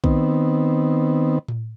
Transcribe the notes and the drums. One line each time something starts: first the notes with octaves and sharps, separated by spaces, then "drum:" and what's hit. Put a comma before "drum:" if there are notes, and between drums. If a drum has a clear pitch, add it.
D#3 B3 C4, drum: kick B1
drum: tom A2